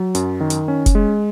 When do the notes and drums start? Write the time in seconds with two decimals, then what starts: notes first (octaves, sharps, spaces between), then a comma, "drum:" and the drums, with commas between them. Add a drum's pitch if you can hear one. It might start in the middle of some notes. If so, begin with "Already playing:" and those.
Already playing: F#3
0.15 F#2, drum: hi-hat
0.41 D#3
0.50 drum: hi-hat
0.68 C#4
0.86 drum: kick F1, hi-hat
0.95 G#3